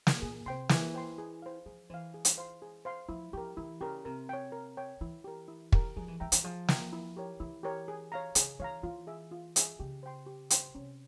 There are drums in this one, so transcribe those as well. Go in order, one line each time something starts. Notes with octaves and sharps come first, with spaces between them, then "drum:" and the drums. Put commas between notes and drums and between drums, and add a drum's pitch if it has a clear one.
drum: snare
A#2 G#4
C3 C5 G5 C6
E3 G#4, drum: snare
C5 G5 C6
G#4
C5 F5
F3 G#4
E3 C5 F5
G#4
drum: hi-hat
C5 F5 C6
G#4
C5 F5 C6
F3 E4
F3 G4 A#4
E3 E4
C#3 G4 A#4
C3 A#4
C#5 G5
A#4
C#5 G5
E3 E4
G4 A#4
E4
G4 A#4, drum: kick
F3 G#4
E3
E3 E5 G5 A#5
E3, drum: hi-hat
F3 G#4
E5 G5 A#5, drum: snare
E4
G4 A#4 C#5
E3 E4
G4 A#4 C#5
G#4
C#5 F5 A#5
C#3 G#4, drum: hi-hat
E3 C#5 F5 A#5
E3 F4
G#4 E5
F4
G#4 E5, drum: hi-hat
C#3 G4
C5 G5 C6
G4
C5 G5 C6, drum: hi-hat
C3 C#4